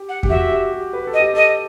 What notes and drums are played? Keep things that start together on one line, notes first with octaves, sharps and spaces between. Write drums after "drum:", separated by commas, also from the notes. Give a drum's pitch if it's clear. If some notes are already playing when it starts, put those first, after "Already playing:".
Already playing: G4
F#5
G4, drum: kick E2
F#4 E5
G4
G4
B4
A4
D#5
G4
A4 D#5